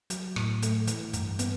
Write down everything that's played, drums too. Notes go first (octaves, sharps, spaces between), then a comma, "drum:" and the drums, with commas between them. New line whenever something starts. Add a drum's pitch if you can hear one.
F#3, drum: hi-hat
A2, drum: rim click
A3, drum: hi-hat
E3, drum: hi-hat
G2, drum: hi-hat
B3, drum: hi-hat